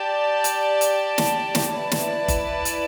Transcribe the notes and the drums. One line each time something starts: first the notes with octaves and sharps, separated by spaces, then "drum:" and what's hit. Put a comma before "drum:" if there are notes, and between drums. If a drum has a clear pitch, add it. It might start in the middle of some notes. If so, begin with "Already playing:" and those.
Already playing: G4 D5 A5
drum: hi-hat
drum: hi-hat
drum: snare
drum: snare
E4 B4 D5 A5
drum: snare
drum: kick G1, hi-hat
drum: hi-hat